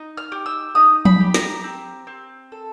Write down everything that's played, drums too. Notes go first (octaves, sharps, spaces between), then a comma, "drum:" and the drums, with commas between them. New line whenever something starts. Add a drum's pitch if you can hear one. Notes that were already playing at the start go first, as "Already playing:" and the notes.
Already playing: D#4
F6
G4
E6
D#4 D#6
B5, drum: tom F3
G4
A#5, drum: snare
C4
C4
A4